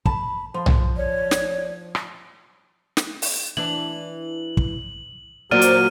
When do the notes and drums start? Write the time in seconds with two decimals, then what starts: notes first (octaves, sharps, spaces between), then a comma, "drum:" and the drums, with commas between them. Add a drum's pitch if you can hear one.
0.06 A5 B5, drum: kick
0.54 F3 C6
0.66 drum: tom B1
0.97 C#5 D5
1.31 drum: snare
1.95 drum: rim click
2.97 drum: snare
3.22 drum: open hi-hat
3.57 E3 D4 F#7
4.57 drum: kick
5.51 A#2 F#3 F#4 C5 D5 F6 D#7
5.61 drum: hi-hat